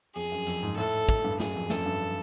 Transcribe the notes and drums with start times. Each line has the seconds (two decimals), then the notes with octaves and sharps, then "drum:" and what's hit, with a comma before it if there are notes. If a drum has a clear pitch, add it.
0.16 F2 G#4, drum: hi-hat
0.32 F#2
0.47 F2, drum: hi-hat
0.63 G#2
0.77 A2 A4, drum: open hi-hat
1.09 drum: kick, hi-hat
1.24 G2
1.40 F#2 G#4, drum: snare
1.55 F2
1.70 F#2 A4, drum: snare
1.86 G2